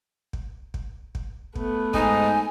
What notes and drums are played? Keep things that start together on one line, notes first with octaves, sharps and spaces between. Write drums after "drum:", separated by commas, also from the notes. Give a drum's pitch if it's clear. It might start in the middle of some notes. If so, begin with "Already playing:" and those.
drum: kick
drum: kick
drum: kick
A3 B3, drum: kick
G#2 D#4 G#5, drum: kick